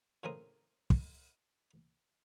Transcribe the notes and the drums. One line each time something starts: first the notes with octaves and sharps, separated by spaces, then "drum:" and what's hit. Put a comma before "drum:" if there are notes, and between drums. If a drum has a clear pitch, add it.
A2 C#3 C4 A#4 D#6
drum: kick